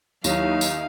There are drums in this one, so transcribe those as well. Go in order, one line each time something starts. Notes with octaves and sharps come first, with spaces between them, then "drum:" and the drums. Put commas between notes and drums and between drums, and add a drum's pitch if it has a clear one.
D#2 F#3 D#4 E4 F5, drum: tambourine
drum: tambourine